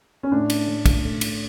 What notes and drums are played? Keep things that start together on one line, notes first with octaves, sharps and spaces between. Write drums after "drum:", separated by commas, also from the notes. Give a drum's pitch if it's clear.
C#4
A2 D4
drum: cymbal
A2
drum: kick, cymbal
A3
drum: cymbal